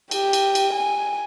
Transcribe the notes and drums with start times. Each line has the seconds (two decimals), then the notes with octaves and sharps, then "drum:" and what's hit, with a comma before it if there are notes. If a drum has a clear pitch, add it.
0.11 G4, drum: cymbal
0.33 drum: cymbal
0.55 drum: cymbal
0.74 G#5